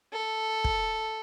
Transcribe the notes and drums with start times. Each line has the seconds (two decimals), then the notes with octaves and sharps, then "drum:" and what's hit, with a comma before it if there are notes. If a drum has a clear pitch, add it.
0.13 A4
0.64 drum: kick